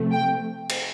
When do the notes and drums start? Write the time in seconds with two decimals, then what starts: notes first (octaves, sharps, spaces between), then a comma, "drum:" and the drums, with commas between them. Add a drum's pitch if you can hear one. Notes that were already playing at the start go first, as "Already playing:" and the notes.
Already playing: C3 F3 A3
0.12 G5
0.70 drum: cymbal